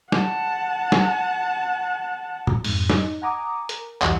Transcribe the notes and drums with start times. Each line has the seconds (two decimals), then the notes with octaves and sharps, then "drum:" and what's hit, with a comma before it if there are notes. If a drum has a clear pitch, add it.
0.12 F#5 A5, drum: snare
0.92 drum: snare
2.47 drum: tom
2.64 F2 G#2, drum: open hi-hat
2.90 D#4, drum: snare
3.22 F#5 G#5 A#5 D6 D#6
3.69 A#4, drum: hi-hat
4.02 B1 E2 G2 E3 G4 F#5, drum: clap